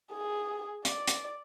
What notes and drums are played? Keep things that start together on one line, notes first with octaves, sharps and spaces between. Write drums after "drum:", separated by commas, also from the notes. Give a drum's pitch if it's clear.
G#4
D5, drum: hi-hat
drum: hi-hat